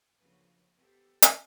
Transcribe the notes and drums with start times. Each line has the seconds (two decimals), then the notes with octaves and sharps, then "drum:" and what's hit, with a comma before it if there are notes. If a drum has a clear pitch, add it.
0.20 D2 C#3 F3 A#3 F#4 B4
0.76 B3 G4 A4 C5
1.22 drum: hi-hat